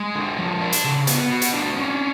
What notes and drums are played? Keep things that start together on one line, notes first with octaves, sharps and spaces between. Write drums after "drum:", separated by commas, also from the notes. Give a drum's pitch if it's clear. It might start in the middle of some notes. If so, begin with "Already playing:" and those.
Already playing: G#3
D3
F3
D4
drum: hi-hat
C#3
B3, drum: hi-hat
F#4
drum: hi-hat
D4
C#4